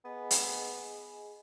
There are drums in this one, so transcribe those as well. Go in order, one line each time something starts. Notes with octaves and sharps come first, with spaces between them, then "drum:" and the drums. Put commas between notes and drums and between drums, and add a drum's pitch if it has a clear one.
B3 G#4 D#5 G#5
drum: hi-hat